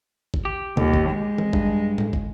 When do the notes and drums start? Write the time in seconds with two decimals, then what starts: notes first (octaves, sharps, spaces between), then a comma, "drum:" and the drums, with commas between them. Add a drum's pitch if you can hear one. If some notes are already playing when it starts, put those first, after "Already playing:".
0.34 drum: kick
0.45 G4
0.77 D#2, drum: tom B2
0.94 drum: kick
1.10 G#3
1.38 drum: tom E3
1.53 G2, drum: kick
1.98 drum: tom A2
2.13 drum: kick